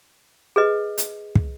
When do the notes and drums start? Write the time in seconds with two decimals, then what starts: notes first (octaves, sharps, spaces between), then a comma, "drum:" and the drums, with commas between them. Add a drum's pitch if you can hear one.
0.56 G#4 B4 D#5
0.98 drum: hi-hat
1.35 drum: kick